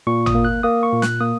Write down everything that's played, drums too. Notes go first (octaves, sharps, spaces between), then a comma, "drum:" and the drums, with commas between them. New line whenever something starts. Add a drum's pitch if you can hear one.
A#2 C#6
D#6, drum: tom
A#3
F#6
A#3 D#6
C#6
A#2
F#6, drum: snare
A#3 D#6